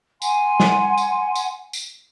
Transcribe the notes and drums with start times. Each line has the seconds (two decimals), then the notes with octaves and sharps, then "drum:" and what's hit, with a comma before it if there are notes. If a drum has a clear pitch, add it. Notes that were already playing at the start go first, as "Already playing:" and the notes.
0.22 F#5 G#5 C6, drum: tambourine
0.60 drum: snare
0.98 drum: tambourine
1.35 drum: tambourine
1.73 drum: tambourine